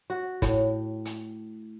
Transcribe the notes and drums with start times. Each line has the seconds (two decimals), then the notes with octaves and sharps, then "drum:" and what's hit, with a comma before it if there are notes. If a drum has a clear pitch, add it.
0.10 F#4
0.42 A2, drum: kick, hi-hat
1.05 drum: hi-hat